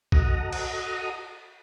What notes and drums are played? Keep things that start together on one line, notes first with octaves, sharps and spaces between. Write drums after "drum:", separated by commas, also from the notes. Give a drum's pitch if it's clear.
F#4 A4 D#5 F#5 A#5 D#6, drum: kick B1
drum: cymbal